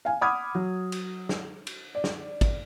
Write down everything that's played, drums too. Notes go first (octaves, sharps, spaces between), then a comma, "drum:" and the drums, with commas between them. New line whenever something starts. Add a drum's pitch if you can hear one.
F5 G#5
F#5 B5 D6 D#6 F6 G#6
F#3
drum: cymbal
drum: snare
drum: cymbal
D5
drum: snare
drum: kick G#1, cymbal